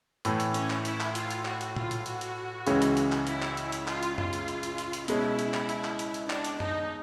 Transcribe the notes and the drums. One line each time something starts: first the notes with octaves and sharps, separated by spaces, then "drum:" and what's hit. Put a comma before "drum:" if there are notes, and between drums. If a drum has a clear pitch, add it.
A2 E3 A3, drum: hi-hat
drum: hi-hat
C#4, drum: hi-hat
drum: clap
E4, drum: hi-hat
drum: clap
F4, drum: hi-hat
drum: hi-hat
F#4, drum: clap
drum: hi-hat
F4, drum: tom A#2
drum: hi-hat
F#4, drum: hi-hat
drum: hi-hat
C#2 C#3 E3 G#3 C#4, drum: hi-hat
drum: hi-hat
drum: hi-hat
drum: clap
E4, drum: hi-hat
drum: clap
drum: hi-hat
drum: hi-hat
F4, drum: clap
drum: hi-hat
F4, drum: tom F#2
drum: hi-hat
drum: hi-hat
drum: hi-hat
drum: hi-hat
drum: hi-hat
B2 G#3 C#4 E4, drum: hi-hat
drum: hi-hat
drum: clap
drum: hi-hat
drum: clap
drum: hi-hat
drum: hi-hat
D4, drum: clap
drum: hi-hat
D#4, drum: tom F#2